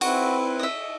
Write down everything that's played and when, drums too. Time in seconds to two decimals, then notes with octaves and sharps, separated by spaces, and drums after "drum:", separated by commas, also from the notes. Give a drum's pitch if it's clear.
0.01 C4 E4 F#4 B4, drum: cymbal
0.59 D#5 E5